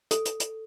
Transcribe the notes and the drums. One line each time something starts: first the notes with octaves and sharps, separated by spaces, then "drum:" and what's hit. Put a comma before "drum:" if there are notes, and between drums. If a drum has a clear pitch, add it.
A4, drum: hi-hat
drum: hi-hat
drum: hi-hat